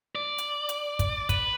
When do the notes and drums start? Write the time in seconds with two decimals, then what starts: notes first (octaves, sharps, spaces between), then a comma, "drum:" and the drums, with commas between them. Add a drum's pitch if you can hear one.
0.15 D5
0.38 drum: hi-hat
0.69 drum: hi-hat
0.99 drum: kick, hi-hat
1.29 B4, drum: kick, hi-hat